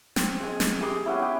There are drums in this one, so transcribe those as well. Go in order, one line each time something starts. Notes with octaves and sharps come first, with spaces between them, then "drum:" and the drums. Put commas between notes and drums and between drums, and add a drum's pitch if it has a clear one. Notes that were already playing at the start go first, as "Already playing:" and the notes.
C4, drum: snare
G#3 G#5
drum: snare
G4 G#4 C6 D6
B3 C#4 E4
C#4 G4